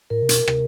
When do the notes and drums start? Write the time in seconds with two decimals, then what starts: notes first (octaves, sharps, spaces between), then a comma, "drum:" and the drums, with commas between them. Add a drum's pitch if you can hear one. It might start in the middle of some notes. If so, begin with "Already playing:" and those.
0.10 A2 A#4
0.22 C3
0.29 B2, drum: hi-hat
0.48 C3, drum: rim click